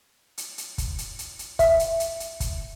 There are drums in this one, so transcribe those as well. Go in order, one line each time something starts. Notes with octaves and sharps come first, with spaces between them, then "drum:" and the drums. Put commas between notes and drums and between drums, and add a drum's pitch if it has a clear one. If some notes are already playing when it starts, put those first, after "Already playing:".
drum: hi-hat
drum: hi-hat
drum: kick, hi-hat
drum: hi-hat
drum: hi-hat
drum: hi-hat
E5, drum: kick, hi-hat
drum: hi-hat
drum: hi-hat
drum: hi-hat
drum: kick, hi-hat